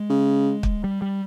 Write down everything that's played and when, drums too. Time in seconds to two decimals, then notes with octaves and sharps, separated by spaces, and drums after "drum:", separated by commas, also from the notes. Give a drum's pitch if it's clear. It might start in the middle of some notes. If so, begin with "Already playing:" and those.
Already playing: G#3
0.10 C#3
0.63 drum: kick
0.84 G3
1.02 G3